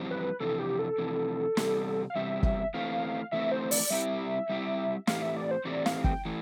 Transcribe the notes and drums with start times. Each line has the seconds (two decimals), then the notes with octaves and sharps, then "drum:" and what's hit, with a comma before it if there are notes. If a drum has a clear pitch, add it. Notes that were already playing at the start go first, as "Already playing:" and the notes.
Already playing: F2 E3 G3 C4
0.11 B4
0.40 F2 C3 E3 A4
0.59 G4
0.79 A4
0.98 F2 C3 E3
1.57 E2 C3 G3 C4 G4, drum: snare
2.10 F5
2.15 E2 C3 G3 C4 G4 E5
2.43 drum: kick
2.74 E3 A3 C4 F5
3.32 E3 A3 C4 E5
3.52 C5
3.71 D5, drum: open hi-hat
3.90 G3 C4 E4 G4 E5
4.49 G3 C4 E4 G4
5.07 A2 E3 A3 C4 G4 F5, drum: snare
5.22 E5
5.36 D5
5.51 C5
5.65 A2 E3 A3 C4 G4 D5
5.86 F5, drum: snare
6.04 G5, drum: kick
6.25 E3 A3